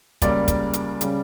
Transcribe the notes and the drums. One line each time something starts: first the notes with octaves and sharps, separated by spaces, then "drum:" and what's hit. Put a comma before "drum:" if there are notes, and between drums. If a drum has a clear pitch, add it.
C#2 C#3 G3 A#3 D5, drum: kick, hi-hat
drum: kick, hi-hat
drum: hi-hat
C#3 G3, drum: hi-hat